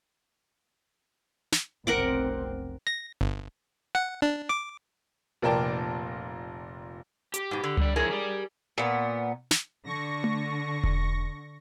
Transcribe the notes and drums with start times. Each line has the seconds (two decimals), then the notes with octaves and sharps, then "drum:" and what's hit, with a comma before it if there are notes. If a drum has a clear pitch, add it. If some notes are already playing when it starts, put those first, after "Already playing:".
1.52 drum: snare
1.87 F1 B1 C4 A#4 F#5 D6
2.87 A#6
3.21 G1
3.95 F#5
4.22 D4
4.49 D6
5.42 F1 A#2 A#4 D5 G5 A5
7.34 G4, drum: hi-hat
7.51 G#2 B2
7.64 D3
7.77 G3 D5, drum: tom C#2
7.96 F3 E4 G#4 A#4 C#5
8.11 G4 D5
8.78 A#2 B3
9.51 drum: snare
9.84 D3 C#6 A#6
10.24 drum: tom A3
10.84 drum: kick E1